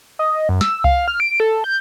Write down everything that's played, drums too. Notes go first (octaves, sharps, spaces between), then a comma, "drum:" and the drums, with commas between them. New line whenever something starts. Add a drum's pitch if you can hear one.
D#5
F#2
E6, drum: snare
F5, drum: kick C2
F6
D7
A4
G6